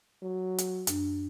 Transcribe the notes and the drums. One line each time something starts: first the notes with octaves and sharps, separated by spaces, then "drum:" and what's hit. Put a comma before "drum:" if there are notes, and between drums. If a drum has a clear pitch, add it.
F#3
drum: hi-hat
F#2 D4, drum: hi-hat